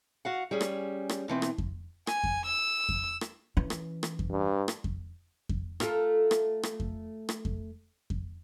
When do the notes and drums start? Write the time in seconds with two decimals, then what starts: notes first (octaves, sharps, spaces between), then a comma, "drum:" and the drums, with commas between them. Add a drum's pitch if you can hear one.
0.25 F#4 F5 F#5
0.51 G3 C#4 G#4
0.61 drum: rim click
1.09 drum: rim click
1.28 B2 E3 C4 D#4
1.42 drum: rim click
1.58 drum: kick F2
2.07 G#5, drum: rim click
2.24 drum: kick F2
2.46 E6
2.89 drum: kick F2
3.21 drum: rim click
3.57 E3 C#4
3.70 drum: rim click
4.03 drum: rim click
4.19 drum: kick F2
4.31 G2
4.68 drum: rim click
4.84 drum: kick F2
5.49 drum: kick F2
5.80 A3 F4 A#4, drum: rim click
6.31 drum: rim click
6.63 drum: rim click
6.80 drum: kick F2
7.29 drum: rim click
7.45 drum: kick F2
8.10 drum: kick F2